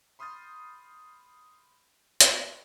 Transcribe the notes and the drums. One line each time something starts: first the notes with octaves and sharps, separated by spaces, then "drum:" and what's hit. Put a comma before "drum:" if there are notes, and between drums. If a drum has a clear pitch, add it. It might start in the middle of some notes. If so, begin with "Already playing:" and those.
B5 C6 D#6 F6 G6 A6
drum: hi-hat